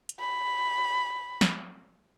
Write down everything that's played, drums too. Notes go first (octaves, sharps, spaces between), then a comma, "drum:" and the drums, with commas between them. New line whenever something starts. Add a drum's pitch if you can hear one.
drum: hi-hat
B5
drum: snare